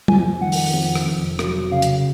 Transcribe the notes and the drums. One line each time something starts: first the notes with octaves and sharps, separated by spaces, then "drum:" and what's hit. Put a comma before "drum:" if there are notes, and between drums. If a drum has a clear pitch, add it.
F2 G#5, drum: tom
D#3 F#5
drum: open hi-hat
F2
drum: rim click
F1
F#3, drum: rim click
C#3 F5
drum: hi-hat